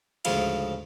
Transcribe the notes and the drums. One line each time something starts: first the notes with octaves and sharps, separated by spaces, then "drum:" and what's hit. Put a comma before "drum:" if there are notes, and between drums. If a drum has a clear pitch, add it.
D2 G#2 C#3 F3 F4 F5, drum: cymbal